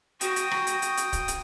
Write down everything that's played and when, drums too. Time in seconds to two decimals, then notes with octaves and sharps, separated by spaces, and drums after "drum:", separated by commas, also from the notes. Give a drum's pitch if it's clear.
0.21 F#4 G5 D#6, drum: hi-hat
0.36 drum: hi-hat
0.51 drum: rim click
0.67 drum: hi-hat
0.82 drum: hi-hat
0.97 drum: hi-hat
1.13 drum: kick, hi-hat
1.28 drum: hi-hat